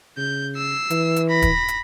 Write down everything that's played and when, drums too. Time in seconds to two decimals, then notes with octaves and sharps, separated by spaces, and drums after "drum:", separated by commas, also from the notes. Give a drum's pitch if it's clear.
0.17 C#3 G6
0.57 E6 C7
0.90 E3, drum: hi-hat
1.16 drum: hi-hat
1.29 B5 A#6
1.42 drum: kick, hi-hat
1.68 drum: hi-hat